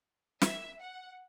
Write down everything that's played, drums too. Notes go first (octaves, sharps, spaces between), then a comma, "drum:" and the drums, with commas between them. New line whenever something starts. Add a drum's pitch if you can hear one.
E5, drum: snare
F#5